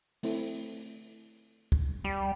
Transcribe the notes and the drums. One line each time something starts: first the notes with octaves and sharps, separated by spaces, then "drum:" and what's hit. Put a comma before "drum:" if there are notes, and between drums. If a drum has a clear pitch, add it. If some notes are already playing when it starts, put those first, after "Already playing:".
A3 C4 E4, drum: open hi-hat
drum: kick
G3